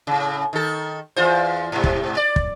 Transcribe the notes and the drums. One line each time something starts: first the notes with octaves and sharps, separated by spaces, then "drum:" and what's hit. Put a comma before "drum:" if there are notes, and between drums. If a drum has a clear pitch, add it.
A2 C#3
D#3 A4
E2 F4 C5
G#2 C3
drum: kick
D5
drum: kick